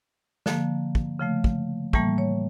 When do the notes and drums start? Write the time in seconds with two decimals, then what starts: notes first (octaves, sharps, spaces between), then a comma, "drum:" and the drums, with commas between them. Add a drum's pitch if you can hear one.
0.46 D3 F3 A#3 A5, drum: snare
0.95 drum: kick
1.19 C#3 F3 A3
1.44 drum: kick
1.93 A2 E3 G3 A#3 A5, drum: kick
2.18 C#5